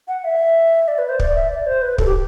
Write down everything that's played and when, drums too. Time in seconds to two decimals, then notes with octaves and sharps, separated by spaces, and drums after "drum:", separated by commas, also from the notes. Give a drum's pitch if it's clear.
0.08 F#5
0.24 E5
0.88 D5
0.98 B4
1.09 C5
1.20 D5, drum: kick
1.35 E5
1.51 D5
1.66 C5
1.82 B4
1.98 A4, drum: kick
2.06 G4